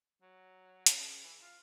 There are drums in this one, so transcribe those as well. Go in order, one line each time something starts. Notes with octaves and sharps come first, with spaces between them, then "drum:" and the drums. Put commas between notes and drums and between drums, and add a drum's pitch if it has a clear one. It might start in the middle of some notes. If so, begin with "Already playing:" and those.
F#3
C#3, drum: hi-hat
E3
F4